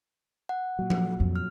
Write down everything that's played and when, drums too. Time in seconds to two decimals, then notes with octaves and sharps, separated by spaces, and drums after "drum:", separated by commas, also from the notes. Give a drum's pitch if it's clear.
0.49 F#5
0.79 A#2 F#3
0.90 drum: tom F3
1.20 F2
1.36 F6